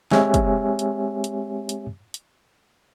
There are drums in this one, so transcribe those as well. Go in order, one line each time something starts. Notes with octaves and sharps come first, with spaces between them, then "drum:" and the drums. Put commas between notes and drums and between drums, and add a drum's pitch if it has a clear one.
G#3 C4 G4 C#5 E5 G#5, drum: snare
drum: kick, hi-hat
drum: hi-hat
drum: hi-hat
drum: hi-hat
drum: hi-hat